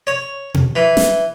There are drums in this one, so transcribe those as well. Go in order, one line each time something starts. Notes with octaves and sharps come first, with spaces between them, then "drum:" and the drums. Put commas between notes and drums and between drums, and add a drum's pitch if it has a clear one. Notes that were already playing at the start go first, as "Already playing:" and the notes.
C#5
drum: tom B2
E3
drum: snare